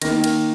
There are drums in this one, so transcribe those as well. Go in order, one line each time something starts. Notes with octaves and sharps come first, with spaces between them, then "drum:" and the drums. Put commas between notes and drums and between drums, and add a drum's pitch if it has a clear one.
D#3 A#3 A#6, drum: cymbal
drum: cymbal